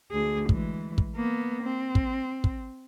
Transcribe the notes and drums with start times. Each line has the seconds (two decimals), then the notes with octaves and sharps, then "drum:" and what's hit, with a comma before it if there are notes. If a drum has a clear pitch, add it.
0.11 D2 G#4
0.49 E3 G#3, drum: kick
0.98 drum: kick
1.15 A#3 B3
1.63 C4
1.95 drum: kick
2.44 drum: kick